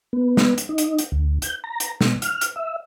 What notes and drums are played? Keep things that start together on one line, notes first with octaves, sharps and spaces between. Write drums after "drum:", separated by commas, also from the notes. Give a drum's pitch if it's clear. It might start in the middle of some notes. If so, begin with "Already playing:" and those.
B3
drum: snare
drum: hi-hat
D#4
drum: hi-hat
drum: hi-hat
D2
G6, drum: hi-hat
A#5
drum: hi-hat
B2, drum: snare
F6, drum: hi-hat
drum: hi-hat
E5